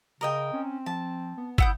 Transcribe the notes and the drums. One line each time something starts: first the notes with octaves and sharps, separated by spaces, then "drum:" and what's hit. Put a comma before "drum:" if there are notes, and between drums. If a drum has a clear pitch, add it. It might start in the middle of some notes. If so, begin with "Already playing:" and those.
C#3 A#4 D#5 G5
C4 C#4
F3 A5
B3
E4 F#5 D#6 G6, drum: kick